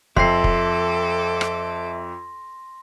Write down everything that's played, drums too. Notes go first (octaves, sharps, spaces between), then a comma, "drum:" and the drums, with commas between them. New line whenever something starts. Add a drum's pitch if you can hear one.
F2 A4 E5 A5 C6 D6 A#6 C7, drum: kick
drum: kick
drum: rim click